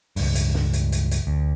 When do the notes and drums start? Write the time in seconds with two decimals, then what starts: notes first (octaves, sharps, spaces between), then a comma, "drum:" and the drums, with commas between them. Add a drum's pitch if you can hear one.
0.16 C#2 G2, drum: open hi-hat
0.35 drum: hi-hat
0.54 drum: snare
0.73 drum: hi-hat
0.92 drum: hi-hat
1.11 drum: hi-hat
1.27 D2